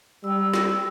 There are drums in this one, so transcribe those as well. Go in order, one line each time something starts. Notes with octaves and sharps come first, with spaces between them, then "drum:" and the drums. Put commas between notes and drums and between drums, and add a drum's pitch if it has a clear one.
G3 G5 E6
drum: snare